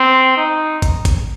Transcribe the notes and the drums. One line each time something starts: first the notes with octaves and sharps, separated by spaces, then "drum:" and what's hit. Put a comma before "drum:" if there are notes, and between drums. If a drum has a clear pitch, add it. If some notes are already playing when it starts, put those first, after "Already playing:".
Already playing: C4
D#4
drum: kick, hi-hat
drum: kick, hi-hat